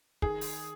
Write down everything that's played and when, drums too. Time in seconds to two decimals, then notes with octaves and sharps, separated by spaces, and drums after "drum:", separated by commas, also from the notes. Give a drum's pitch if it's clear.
0.22 D#3 G#4, drum: kick
0.41 drum: open hi-hat